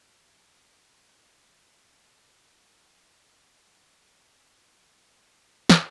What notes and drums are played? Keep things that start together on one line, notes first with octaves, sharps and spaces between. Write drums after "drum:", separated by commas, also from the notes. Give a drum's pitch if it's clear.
C#3 E3 F3 C4 F5
F3 C#4 F4 G#4 A5
B2 D#3 F#4 C5 E5 F5
drum: snare